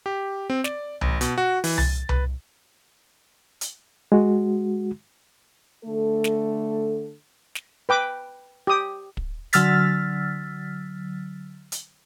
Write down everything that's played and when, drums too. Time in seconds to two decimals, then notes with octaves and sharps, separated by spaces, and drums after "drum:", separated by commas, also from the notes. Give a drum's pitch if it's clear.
0.06 G4
0.50 C4
0.64 D5, drum: snare
1.01 A1, drum: tom C2
1.21 B2, drum: hi-hat
1.38 F#4
1.64 E3, drum: open hi-hat
1.78 A6, drum: tom C2
2.09 B4, drum: tom C2
3.61 drum: hi-hat
4.12 G#3 F#4
5.85 D3 A3 A4
6.24 drum: snare
7.55 drum: snare
7.89 B4 G5 D6
8.67 G4 D#6
9.17 drum: kick
9.53 D3 F#3 E6 F6 A6 B6, drum: hi-hat
11.72 drum: hi-hat